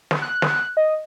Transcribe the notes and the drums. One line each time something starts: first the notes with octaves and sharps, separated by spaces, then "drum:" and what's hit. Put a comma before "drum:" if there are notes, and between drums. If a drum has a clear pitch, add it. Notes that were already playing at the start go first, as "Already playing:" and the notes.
drum: snare
F#6
drum: snare
D#5